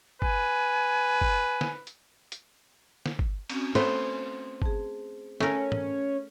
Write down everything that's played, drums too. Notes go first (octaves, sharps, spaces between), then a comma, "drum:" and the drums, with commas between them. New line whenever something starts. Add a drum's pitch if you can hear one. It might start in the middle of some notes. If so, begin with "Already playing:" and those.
B4 G#5, drum: kick G1
drum: kick G1
drum: snare
drum: hi-hat
drum: hi-hat
drum: snare
drum: kick G1
C4 C#4 F#4, drum: cymbal
A3 B3 C5, drum: cymbal
G#4 A5, drum: kick G1
A3 C#4 A#4, drum: snare
drum: tom